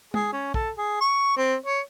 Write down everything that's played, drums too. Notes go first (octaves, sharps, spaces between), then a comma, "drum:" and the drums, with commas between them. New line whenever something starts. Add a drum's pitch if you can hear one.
G#4, drum: tom G#3
C#4
A4, drum: kick
G#4
C#6
C4
C#5